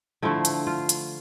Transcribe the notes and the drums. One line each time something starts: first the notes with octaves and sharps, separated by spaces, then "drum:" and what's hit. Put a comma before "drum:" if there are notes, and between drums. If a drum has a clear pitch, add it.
D3 F3 A3 E4
drum: hi-hat
F4
drum: hi-hat